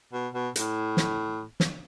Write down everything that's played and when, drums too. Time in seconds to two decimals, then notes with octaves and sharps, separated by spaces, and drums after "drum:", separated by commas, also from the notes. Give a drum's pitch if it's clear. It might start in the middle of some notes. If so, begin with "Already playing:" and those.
0.13 B2
0.34 B2
0.56 A2, drum: hi-hat
0.97 drum: snare
1.60 drum: snare